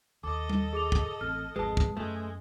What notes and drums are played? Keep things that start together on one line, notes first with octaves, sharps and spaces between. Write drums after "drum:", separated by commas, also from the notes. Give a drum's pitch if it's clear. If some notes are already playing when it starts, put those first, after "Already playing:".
D#2 A4 D#5 D6
drum: tom G3
G#4 D6 F7
drum: kick
A1 C4 F6
G#1 F2 G#3 B4 A5
drum: kick
F#2 G#3 A3